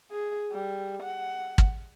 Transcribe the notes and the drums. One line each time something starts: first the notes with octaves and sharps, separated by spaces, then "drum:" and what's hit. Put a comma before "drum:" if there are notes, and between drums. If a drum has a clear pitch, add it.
G#4
G3
F#5
drum: kick